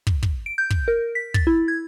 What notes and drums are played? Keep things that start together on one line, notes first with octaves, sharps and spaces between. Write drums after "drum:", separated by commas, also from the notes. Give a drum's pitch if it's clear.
drum: kick
drum: kick
D7
G6
drum: kick
A#4
B6
A6, drum: kick
E4
G#6